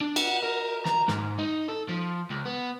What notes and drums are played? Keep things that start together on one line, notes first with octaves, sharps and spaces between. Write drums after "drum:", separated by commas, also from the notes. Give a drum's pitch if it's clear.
D4
F#5, drum: cymbal
A#4
A#5, drum: snare
G#2, drum: snare
D#4
A4
F3
C#2
B3